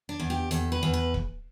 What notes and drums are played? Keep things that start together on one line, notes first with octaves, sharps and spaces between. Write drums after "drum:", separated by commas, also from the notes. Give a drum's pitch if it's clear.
D4
E2
G4
E2 A4, drum: hi-hat
B4
E2
B4
drum: kick